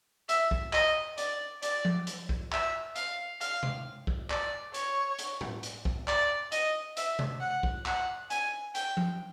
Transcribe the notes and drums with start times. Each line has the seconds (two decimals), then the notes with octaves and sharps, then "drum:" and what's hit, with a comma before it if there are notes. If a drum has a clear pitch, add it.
0.29 E5, drum: hi-hat
0.51 drum: kick
0.73 D#5, drum: clap
1.18 D5, drum: hi-hat
1.63 D5, drum: hi-hat
1.85 drum: tom F3
2.07 drum: hi-hat
2.29 drum: kick
2.52 E5, drum: clap
2.96 F5, drum: hi-hat
3.41 F5, drum: hi-hat
3.63 drum: tom C3
4.07 drum: kick
4.30 D5, drum: clap
4.74 C#5, drum: hi-hat
5.19 drum: hi-hat
5.41 drum: tom A2
5.63 drum: hi-hat
5.85 drum: kick
6.08 D5, drum: clap
6.52 D#5, drum: hi-hat
6.97 E5, drum: hi-hat
7.19 drum: tom C3
7.41 F#5
7.63 drum: kick
7.86 F#5, drum: clap
8.30 G#5, drum: hi-hat
8.75 G5, drum: hi-hat
8.97 drum: tom F3